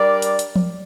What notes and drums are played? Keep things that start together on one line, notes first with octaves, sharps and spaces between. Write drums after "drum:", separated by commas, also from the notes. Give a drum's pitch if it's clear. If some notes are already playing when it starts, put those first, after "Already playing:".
Already playing: G3 D4 A#4 D5
drum: hi-hat
drum: hi-hat
drum: tom F3